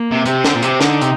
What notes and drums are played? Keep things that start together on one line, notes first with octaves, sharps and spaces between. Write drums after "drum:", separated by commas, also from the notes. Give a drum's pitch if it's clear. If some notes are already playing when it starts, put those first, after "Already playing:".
Already playing: A#3
C3
C3 C4, drum: hi-hat
D3, drum: snare
A#2
C3, drum: hi-hat
D3 D#4, drum: snare
C3, drum: hi-hat